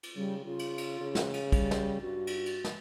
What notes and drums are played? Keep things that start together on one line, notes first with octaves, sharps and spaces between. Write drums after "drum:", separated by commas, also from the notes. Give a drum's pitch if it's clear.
drum: cymbal
C#3 G3
C#3 F4
drum: cymbal
drum: cymbal
C#3
drum: snare
drum: cymbal
G3, drum: kick, cymbal
drum: snare
G2 F#4
drum: cymbal
drum: cymbal
drum: snare